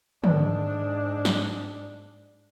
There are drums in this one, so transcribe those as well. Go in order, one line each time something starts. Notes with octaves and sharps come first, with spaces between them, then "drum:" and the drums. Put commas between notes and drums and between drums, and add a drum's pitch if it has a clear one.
G#2 D4, drum: tom
drum: snare